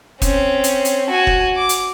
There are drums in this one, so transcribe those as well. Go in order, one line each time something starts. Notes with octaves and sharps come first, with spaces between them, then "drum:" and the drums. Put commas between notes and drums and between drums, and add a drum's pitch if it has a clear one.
C4 C#4, drum: kick, hi-hat
drum: hi-hat
drum: hi-hat
F#4 G#5
drum: kick
D6
drum: hi-hat